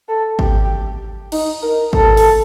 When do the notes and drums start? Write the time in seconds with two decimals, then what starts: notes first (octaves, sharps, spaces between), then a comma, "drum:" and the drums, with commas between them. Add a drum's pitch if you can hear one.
0.08 A4
0.39 G4, drum: kick G#1
1.32 D#4, drum: cymbal
1.63 A#4
1.93 A4, drum: kick G#1
2.17 drum: open hi-hat